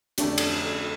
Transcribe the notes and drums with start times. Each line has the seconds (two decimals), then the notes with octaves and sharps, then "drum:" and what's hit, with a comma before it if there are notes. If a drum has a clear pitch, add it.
0.18 F2 D3 A3 C#4 D4 G4, drum: hi-hat
0.38 drum: cymbal